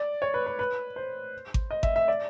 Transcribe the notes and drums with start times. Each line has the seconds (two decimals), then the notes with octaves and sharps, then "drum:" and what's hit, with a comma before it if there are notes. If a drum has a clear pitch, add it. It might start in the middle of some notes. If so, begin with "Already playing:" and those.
Already playing: D5
0.22 C#5
0.34 B4
0.46 B4
0.59 B4
0.96 C5
1.54 drum: kick G#1
1.71 D#5
1.83 E5, drum: kick G#1
1.96 E5
2.08 D5